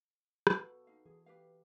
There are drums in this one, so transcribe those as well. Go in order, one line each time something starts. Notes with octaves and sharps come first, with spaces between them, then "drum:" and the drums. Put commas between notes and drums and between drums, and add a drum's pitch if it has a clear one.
B3 F#4 A4 B4 F5, drum: rim click
D#4 F5
E3 G#4
G4 B4 F5